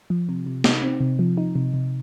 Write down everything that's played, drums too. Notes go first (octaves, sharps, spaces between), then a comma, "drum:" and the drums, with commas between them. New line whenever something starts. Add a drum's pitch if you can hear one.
F3
C3
C3
D#4, drum: snare
C4
C3
F3
D#4
C3
C3